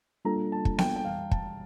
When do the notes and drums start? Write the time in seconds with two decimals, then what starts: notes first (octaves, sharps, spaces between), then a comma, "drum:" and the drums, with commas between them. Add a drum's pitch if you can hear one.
0.25 G3 A#3 D4 F4 A4 A#5
0.52 A5
0.65 drum: kick
0.78 G5, drum: snare B3
0.96 G5
1.05 F2 E3 G3 F5
1.31 A5, drum: kick